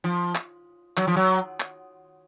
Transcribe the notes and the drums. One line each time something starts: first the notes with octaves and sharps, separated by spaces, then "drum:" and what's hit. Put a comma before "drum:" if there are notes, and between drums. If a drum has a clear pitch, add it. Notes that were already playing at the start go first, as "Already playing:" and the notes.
F3
drum: clap
F#3, drum: clap
F3
F#3
drum: clap